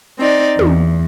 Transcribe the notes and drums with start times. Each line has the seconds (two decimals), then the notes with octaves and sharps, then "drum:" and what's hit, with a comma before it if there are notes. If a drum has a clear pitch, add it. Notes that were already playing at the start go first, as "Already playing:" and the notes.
0.19 C4 D#4 D5
0.59 E2, drum: tom